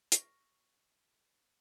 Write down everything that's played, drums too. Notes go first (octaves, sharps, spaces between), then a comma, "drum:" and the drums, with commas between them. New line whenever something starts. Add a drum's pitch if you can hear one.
C#6 F6 A#6, drum: hi-hat